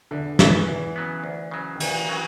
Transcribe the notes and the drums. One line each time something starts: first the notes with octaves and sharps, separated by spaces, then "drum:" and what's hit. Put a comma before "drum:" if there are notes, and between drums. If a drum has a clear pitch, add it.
E2 D3
C#3 E3 F#3 B3, drum: snare
E2 E3
C#3 F#3 B3
D2
C#3 F#3
D#3
D2 E3, drum: cymbal
C#3 F#3